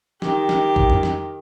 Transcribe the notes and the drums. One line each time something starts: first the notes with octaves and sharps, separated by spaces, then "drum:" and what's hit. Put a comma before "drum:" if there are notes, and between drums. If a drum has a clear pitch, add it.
D#3 G4, drum: snare
drum: snare
drum: kick
drum: tom F2
drum: snare